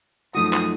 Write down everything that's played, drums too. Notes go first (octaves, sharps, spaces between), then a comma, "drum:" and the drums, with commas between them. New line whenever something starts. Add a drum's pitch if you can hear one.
F#2 F3 A3 D#4 F#4 D#6
drum: clap